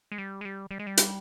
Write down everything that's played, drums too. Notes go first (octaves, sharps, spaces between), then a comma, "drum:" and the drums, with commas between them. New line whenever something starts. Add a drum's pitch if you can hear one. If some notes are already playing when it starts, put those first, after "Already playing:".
G#3
G3
G#3
G3
G3
G#3
G3
drum: hi-hat